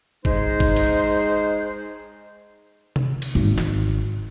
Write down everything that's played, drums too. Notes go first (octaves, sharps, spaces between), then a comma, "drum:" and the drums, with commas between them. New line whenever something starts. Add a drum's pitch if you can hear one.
G#3 D#4 C5, drum: kick
drum: kick
drum: cymbal
drum: tom C3
drum: cymbal
G#1
drum: snare